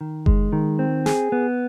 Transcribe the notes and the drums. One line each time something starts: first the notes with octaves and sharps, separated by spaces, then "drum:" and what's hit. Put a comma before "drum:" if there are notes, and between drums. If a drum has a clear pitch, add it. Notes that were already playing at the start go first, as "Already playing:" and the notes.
D#3
G#3, drum: kick F#1
D#3
C4
G#4, drum: snare
B3